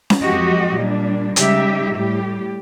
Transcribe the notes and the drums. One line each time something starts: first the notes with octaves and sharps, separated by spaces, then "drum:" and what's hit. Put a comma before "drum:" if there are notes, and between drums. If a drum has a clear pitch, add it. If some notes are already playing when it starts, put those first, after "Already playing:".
drum: snare C#4
F2 F#3 G#3 F#4 G4 D#5
A#2 G3 D4
C#3 G3 G#3 D#4 G4 E5, drum: hi-hat
A2 G3 G4